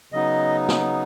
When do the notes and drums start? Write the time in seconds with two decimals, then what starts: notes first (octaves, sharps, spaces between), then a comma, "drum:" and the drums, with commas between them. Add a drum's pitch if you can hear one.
0.12 C#3 F#3 B3 D#4 D#5
0.68 drum: snare